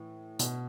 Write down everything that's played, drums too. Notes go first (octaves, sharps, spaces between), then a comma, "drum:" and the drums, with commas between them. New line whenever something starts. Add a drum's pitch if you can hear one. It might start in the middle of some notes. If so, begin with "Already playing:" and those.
Already playing: A2 E3
B2, drum: hi-hat